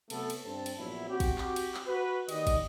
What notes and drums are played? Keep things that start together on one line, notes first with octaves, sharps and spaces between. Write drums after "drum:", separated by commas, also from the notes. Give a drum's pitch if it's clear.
C3 F#3 A3 B3 A4, drum: cymbal
drum: cymbal
G2 C4 A5
drum: cymbal
A#1 A#2 F#3 B3 E4
C4 F#4 G4
drum: kick, cymbal
drum: clap
drum: cymbal
drum: clap
F#4 B4
D#3 A#3 G4 D5 D#5, drum: cymbal
drum: kick, cymbal